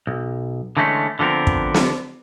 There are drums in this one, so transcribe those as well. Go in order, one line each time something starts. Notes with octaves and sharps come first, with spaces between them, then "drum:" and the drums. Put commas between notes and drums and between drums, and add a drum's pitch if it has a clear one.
B1
D3 E3 G#3 A3 C#4
D3 F3 B3 C4 A#4
drum: kick
drum: snare